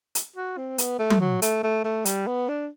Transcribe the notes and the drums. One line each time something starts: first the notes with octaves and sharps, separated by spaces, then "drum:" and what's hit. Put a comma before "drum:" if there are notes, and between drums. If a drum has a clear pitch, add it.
drum: hi-hat
F#4
C4
B3, drum: hi-hat
A3
drum: tom F#3
F#3
A3, drum: hi-hat
A3
A3
G3, drum: hi-hat
B3
D4